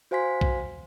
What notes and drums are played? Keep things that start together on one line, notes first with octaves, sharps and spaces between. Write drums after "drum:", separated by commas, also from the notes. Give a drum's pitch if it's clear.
F#4 C5 F5 G#5 C6 B6
drum: kick B1